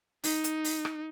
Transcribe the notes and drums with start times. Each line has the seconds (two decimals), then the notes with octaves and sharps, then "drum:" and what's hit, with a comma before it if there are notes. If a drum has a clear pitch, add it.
0.24 D#4, drum: open hi-hat
0.44 drum: hi-hat
0.64 drum: open hi-hat
0.85 drum: rim click